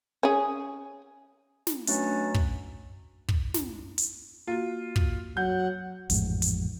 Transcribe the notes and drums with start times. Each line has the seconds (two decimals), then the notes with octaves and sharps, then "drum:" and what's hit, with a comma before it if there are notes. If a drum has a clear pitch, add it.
0.23 C#4 G#4
1.67 drum: snare
1.87 B2 F#3 A3 C#4 D4, drum: hi-hat
2.34 drum: kick
3.28 drum: kick
3.54 drum: snare
3.98 drum: hi-hat
4.47 A#3 F4 F#4
4.96 drum: kick
5.37 F#3 F#5 G6
6.10 A1 F2 G#2, drum: hi-hat
6.42 drum: hi-hat